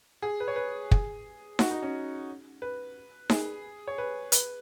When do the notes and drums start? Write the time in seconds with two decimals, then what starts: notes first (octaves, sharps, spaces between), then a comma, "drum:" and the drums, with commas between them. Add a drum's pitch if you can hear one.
0.22 G#4
0.40 B4
0.48 C#5
0.56 B4
0.91 G#4, drum: kick
1.59 F#4, drum: snare D#4
1.71 D#4
1.82 C#4
2.62 B4
3.30 G#4, drum: snare D#4
3.88 C#5
3.98 B4
4.32 B4, drum: hi-hat